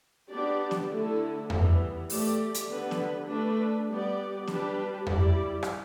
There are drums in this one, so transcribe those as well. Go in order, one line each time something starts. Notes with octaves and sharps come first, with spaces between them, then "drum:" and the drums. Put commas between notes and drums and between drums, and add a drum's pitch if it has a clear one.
B3 D4 G4 D5
drum: snare B3
D3 A3 E4 A4
E3 G3 B3, drum: tom F2
A3 G4 D5, drum: open hi-hat
drum: hi-hat
D3 B3 G4 B4
drum: snare B3
A3 D4 B4
G3 B3 G4 D5
G3 D4 G4 B4, drum: snare B3
G3 E4 G4 D5, drum: tom F2
drum: rim click